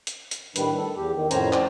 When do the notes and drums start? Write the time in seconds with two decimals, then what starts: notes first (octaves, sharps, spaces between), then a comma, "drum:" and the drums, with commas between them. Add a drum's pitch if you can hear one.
0.07 drum: hi-hat
0.31 drum: hi-hat
0.56 A2 D#3 G3 D4 B4, drum: hi-hat
0.77 A4
0.96 E2 G4
1.16 D#3
1.31 F2 A2 C#4 C5 G#5 A#5, drum: hi-hat
1.53 C#4 C5 D5, drum: clap